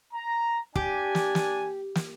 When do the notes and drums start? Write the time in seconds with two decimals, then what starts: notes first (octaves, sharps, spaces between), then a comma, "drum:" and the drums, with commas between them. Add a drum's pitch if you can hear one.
0.14 A#5
0.76 D4 G4 G#5, drum: kick
1.15 drum: snare
1.35 drum: snare
1.95 drum: snare